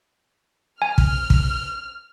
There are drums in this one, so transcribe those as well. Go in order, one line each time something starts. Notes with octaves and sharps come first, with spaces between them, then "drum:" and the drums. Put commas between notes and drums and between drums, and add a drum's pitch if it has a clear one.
G#5 F6
drum: kick
drum: kick